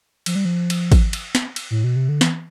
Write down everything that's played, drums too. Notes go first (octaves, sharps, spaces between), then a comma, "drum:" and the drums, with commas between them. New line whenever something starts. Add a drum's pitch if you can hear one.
F3, drum: cymbal
G3
F3
drum: cymbal
drum: kick, cymbal
drum: cymbal
drum: snare
drum: cymbal
A2
B2
C3
D3
E3, drum: snare